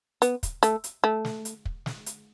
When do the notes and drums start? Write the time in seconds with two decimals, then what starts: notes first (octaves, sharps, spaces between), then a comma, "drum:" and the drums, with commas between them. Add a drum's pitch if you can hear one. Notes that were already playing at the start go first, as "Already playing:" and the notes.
0.22 B3, drum: hi-hat
0.43 drum: kick, hi-hat
0.63 A3, drum: hi-hat
0.84 drum: hi-hat
1.04 A3
1.25 drum: snare
1.45 drum: hi-hat
1.65 drum: kick
1.86 drum: snare
2.06 drum: hi-hat